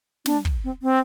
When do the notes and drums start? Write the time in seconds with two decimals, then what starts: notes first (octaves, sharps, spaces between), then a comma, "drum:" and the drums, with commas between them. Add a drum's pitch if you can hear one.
0.26 D4, drum: snare
0.45 drum: kick
0.64 C4
0.82 C4